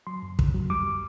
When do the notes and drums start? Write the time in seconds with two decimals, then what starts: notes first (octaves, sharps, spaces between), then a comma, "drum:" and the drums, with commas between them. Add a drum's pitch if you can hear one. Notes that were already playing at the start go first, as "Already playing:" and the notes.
0.07 F#3 C6
0.23 F#2
0.39 F#2, drum: kick
0.55 F#3
0.70 G3 D6